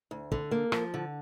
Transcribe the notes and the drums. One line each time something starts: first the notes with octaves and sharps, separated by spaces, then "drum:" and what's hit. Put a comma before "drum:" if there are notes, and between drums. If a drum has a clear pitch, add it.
D2
D3, drum: kick
A#3
F3, drum: rim click
D3